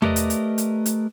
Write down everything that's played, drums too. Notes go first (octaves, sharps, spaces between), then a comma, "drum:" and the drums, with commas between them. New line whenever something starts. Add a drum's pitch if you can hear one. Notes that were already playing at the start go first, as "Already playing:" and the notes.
A3 G4 A#4 B4 D5 D#5, drum: tom E2
drum: hi-hat
drum: hi-hat
drum: hi-hat
drum: hi-hat